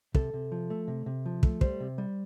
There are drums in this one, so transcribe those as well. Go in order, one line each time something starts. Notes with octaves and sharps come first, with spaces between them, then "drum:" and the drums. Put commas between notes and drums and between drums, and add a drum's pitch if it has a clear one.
C3 A4, drum: kick
C3
F3
A3
C3
C3
F3
A3, drum: kick
G3 C5, drum: kick
C3
G3